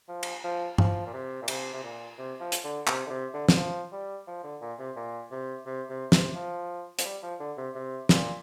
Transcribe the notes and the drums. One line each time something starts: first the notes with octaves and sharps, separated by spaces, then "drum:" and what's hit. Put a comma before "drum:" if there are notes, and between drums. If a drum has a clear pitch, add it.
F3
drum: cymbal
F3
F3, drum: tom G2
A#2
C3
A#2
C3, drum: cymbal
C3
A#2
C3
F3
drum: hi-hat
D3
C3, drum: clap
D3
C3
D3
D3, drum: snare
F3
G3
F3
D3
A#2
C3
A#2
C3
C3
C3
C3, drum: snare
F3
F3, drum: hi-hat
G3
F3
D3
C3
C3
A#2, drum: snare